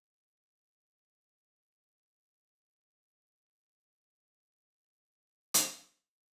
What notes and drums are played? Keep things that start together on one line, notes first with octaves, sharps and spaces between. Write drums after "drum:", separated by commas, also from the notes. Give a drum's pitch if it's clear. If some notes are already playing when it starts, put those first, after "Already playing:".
C5 D5 F5 G#5 C6 D6
F#5 A5 D6
D#4 E4 B4 C5 E5 A5
D5 F5
A#5
G#5
D2 E5 G5 G#5 D#6
E3 G3 A#3 C4 E4 F#4
D#4 A4 A#4 E5 G5 G#5
G3 E4 A#4 C#5 D#5
drum: hi-hat